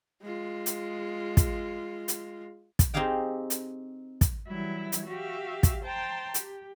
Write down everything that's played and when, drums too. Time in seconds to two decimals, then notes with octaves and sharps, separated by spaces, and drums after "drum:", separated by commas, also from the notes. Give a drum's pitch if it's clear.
0.22 G#3 F4
0.66 drum: hi-hat
1.37 drum: kick, hi-hat
2.08 drum: hi-hat
2.79 drum: kick, hi-hat
2.94 C4 D#4 G4 G#4 F5 G5
3.50 drum: hi-hat
4.21 drum: kick, hi-hat
4.47 E3 F#3 G3 E4
4.92 drum: hi-hat
5.06 F#4 G4 E5 F5
5.63 drum: kick, hi-hat
5.84 C5 G5 A5 A#5 C6
6.34 G4, drum: hi-hat